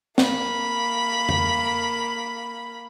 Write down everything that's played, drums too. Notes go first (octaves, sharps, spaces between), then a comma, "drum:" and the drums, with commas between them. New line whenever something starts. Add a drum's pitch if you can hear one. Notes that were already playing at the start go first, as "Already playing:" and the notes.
A#3 B5, drum: snare
drum: tom F2